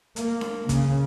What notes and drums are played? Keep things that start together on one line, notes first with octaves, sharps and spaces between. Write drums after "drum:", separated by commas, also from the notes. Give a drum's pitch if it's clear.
A#3, drum: hi-hat
drum: snare D4
C#3, drum: kick, hi-hat